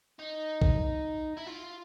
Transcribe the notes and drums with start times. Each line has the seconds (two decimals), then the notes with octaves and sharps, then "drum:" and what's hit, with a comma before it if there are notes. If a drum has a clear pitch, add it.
0.19 D#4
0.62 drum: kick
1.37 E4
1.46 F4